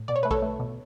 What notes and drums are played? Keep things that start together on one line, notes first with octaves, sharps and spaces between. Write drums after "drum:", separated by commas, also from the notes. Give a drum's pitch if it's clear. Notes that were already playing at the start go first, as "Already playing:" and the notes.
Already playing: A2
B2 D5
C#5
A3 B4
A4 C#5, drum: kick A#1
A3
B2